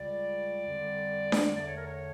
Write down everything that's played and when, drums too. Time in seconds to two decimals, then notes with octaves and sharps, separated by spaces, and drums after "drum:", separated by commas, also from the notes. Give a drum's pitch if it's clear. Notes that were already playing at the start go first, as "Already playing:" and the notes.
Already playing: C#2 C#3 G3 D5
0.65 F2 D3 G3
1.32 drum: snare D4
1.56 E2 D3 A3 D5
1.66 C#5
1.75 A#4
1.85 C#5